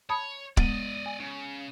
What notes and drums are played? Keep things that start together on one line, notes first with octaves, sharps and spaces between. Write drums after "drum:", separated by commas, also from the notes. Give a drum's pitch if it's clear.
C#5 A5 B5 D#6
G#3 B3 D5 D#5, drum: kick D1
G#5
C#3